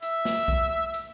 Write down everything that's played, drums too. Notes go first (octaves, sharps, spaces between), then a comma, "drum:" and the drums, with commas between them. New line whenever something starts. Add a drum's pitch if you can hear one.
E5, drum: hi-hat
drum: snare
drum: kick B1
drum: hi-hat